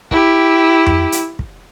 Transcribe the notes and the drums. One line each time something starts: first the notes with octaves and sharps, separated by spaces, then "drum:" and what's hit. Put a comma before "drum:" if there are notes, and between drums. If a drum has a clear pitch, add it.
E4 G4, drum: kick
drum: tom F2
drum: hi-hat
drum: kick